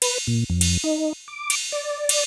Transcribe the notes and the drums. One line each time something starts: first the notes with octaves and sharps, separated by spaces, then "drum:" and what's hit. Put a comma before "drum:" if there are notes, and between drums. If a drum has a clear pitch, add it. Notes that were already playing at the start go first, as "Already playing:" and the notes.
B4, drum: cymbal
A#2
F2
drum: cymbal
D#4
D6
drum: cymbal
D5
drum: cymbal